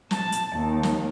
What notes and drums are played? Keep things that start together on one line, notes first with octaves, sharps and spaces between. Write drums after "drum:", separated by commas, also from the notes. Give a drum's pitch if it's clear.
A5, drum: snare
drum: hi-hat
D#2
drum: snare